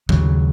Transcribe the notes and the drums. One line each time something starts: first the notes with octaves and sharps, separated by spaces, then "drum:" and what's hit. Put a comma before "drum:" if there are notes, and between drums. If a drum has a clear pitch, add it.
D#2 C#3 F#3, drum: kick